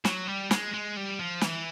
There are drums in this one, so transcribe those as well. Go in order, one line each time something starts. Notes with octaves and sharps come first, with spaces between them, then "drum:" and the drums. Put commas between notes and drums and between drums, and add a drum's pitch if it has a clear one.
F#3, drum: snare
G3
G#3, drum: snare
G#3
G3
F3
E3, drum: snare